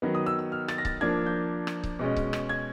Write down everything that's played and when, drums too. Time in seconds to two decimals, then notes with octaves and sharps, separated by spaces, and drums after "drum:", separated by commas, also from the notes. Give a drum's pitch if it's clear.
0.02 D#3 F#3 B3
0.15 D#6
0.26 E6
0.39 E6
0.52 F6
0.68 A6, drum: rim click
0.78 A#6
0.85 A6, drum: kick C#1
1.01 F3 A#3 D4 G#6
1.26 G6
1.67 drum: rim click
1.83 drum: kick C#1
1.99 B2 G#3 C#4
2.16 drum: kick C#1
2.33 drum: rim click
2.49 G#6